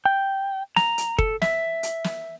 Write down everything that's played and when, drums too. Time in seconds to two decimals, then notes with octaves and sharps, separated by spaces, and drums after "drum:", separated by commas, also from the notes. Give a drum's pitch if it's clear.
0.05 G5
0.76 A#5, drum: snare
0.98 drum: hi-hat
1.18 A4, drum: kick
1.42 E5, drum: snare
1.83 drum: hi-hat
2.04 drum: snare